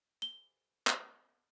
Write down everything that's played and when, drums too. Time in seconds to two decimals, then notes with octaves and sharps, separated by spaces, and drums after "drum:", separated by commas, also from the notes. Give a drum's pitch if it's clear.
0.22 G7
0.87 drum: clap